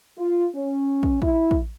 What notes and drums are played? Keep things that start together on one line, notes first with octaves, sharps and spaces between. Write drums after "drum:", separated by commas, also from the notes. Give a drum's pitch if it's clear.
F4
C#4
drum: kick
E4, drum: kick
drum: kick